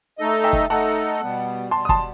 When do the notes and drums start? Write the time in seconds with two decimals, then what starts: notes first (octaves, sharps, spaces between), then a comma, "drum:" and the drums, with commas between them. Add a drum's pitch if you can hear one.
0.18 A3 D#4 A4 D#5
0.44 E5 G5
0.53 drum: kick
0.70 A3 D#4 A4 D#5 F#5 A5
1.21 B2 G3 B3
1.71 B2 G3 B3 A5 C6
1.85 D#6
1.89 A5 C6, drum: kick